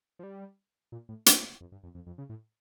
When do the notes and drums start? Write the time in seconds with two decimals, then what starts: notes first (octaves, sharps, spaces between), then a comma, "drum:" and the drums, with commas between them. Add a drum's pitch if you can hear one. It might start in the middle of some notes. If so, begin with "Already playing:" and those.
0.19 F3
0.23 G3
0.92 A#2
1.09 A2
1.26 drum: hi-hat
1.61 F2
1.72 G2
1.83 F2
1.95 F2
2.07 F2
2.18 C#3
2.29 A2